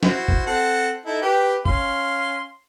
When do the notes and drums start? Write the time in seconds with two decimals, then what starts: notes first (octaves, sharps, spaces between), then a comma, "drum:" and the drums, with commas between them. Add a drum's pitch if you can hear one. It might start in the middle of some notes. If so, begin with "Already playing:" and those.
0.03 E4 F#4 C5, drum: snare
0.28 drum: kick
0.47 C4 A4 F#5
1.06 D#4 E4 A4
1.22 G4 B4 G5
1.65 C#4 F5 C6, drum: kick